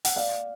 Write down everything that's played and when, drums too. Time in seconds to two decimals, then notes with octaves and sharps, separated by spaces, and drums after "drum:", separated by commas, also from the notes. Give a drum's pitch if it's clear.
0.05 F#5, drum: open hi-hat
0.16 D5 F5